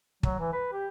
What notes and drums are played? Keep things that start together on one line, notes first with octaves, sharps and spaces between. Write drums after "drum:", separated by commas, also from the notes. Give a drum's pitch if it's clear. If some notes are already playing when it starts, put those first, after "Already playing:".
F#3, drum: kick
E3
B4
G4